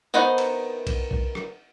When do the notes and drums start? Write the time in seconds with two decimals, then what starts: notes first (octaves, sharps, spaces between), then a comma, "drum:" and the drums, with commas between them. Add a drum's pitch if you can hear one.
0.14 D#3 B3 D#4 B4 C5
0.38 drum: cymbal
0.87 drum: kick B1, cymbal
1.11 drum: kick B1
1.35 drum: rim click